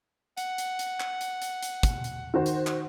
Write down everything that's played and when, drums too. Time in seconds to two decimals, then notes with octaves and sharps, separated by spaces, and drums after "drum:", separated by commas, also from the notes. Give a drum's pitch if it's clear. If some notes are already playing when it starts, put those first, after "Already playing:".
0.37 F#5, drum: hi-hat
0.58 drum: hi-hat
0.79 drum: hi-hat
1.00 drum: clap
1.21 drum: hi-hat
1.42 drum: hi-hat
1.62 drum: hi-hat
1.83 drum: kick, hi-hat
2.04 drum: hi-hat
2.34 D#3 F#4 C5
2.46 drum: hi-hat
2.67 drum: clap